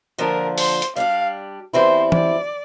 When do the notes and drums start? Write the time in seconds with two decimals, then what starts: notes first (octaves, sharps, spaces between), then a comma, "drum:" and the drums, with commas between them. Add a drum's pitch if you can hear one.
0.18 D3 F3 A#3 D4 A#4
0.58 C5, drum: open hi-hat
0.82 drum: hi-hat
0.96 G3 D4 G4 F5
1.73 E2 E3 G3 C4 E4 C5
2.12 D5, drum: tom